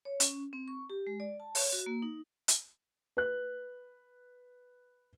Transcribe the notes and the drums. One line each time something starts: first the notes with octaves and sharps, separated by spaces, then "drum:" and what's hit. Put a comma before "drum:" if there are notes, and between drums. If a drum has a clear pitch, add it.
C#5
C#4, drum: hi-hat
C4
C#6
G4
G#3
D5
A5
C#5, drum: open hi-hat
F#4
A#3
D#4
drum: hi-hat
B4 F#6